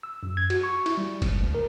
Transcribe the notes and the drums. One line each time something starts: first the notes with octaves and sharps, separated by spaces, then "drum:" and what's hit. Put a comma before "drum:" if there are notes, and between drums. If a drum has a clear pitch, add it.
E6
F#2
G#6
F#4, drum: cymbal
C#6
E4, drum: cymbal
G3
C#2, drum: kick F#1, cymbal
D2
A#4